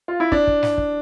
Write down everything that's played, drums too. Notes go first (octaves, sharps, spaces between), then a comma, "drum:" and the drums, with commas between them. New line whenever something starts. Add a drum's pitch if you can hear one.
F4
E4
D4, drum: kick
drum: kick
drum: snare
drum: kick